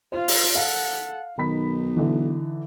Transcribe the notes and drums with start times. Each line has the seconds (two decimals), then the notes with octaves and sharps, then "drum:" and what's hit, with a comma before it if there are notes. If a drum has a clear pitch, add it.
0.12 F4 C5 F5
0.28 drum: open hi-hat
0.55 A4 F5 F#5
1.38 B1 D#3 D#4 B5 B6
1.97 D3 E3